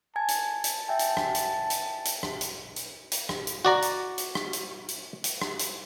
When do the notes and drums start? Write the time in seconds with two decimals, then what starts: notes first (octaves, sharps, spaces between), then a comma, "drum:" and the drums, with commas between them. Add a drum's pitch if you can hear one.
0.16 G#5 A5 G#6
0.28 drum: hi-hat
0.64 drum: hi-hat
0.88 E5 G5 G#5
0.99 drum: hi-hat
1.17 drum: rim click
1.35 drum: hi-hat
1.70 drum: hi-hat
2.05 drum: hi-hat
2.23 drum: rim click
2.41 drum: hi-hat
2.76 drum: hi-hat
3.11 drum: hi-hat
3.29 drum: rim click
3.47 drum: hi-hat
3.65 F#4 D5 A#5
3.82 drum: hi-hat
4.18 drum: hi-hat
4.35 drum: rim click
4.53 drum: hi-hat
4.88 drum: hi-hat
5.24 drum: hi-hat
5.42 drum: rim click
5.59 drum: hi-hat